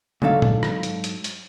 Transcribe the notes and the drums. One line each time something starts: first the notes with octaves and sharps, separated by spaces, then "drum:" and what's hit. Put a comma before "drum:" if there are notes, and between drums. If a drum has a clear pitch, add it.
G#2 F#3 D4 A4 F5, drum: tom
drum: tom
drum: rim click
drum: hi-hat
drum: hi-hat
drum: hi-hat